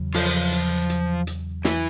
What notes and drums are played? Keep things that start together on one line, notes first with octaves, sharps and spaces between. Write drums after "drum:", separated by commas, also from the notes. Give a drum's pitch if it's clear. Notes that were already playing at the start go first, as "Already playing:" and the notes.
Already playing: E2 C#3 F#3
F3 F4, drum: open hi-hat
drum: hi-hat
drum: hi-hat
drum: hi-hat
E3 E4, drum: snare